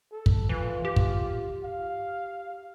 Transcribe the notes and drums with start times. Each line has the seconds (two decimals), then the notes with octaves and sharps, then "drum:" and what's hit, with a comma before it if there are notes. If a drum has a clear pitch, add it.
0.12 A4
0.26 drum: kick
0.49 E3 F4
0.85 G4
0.96 drum: kick
1.63 F5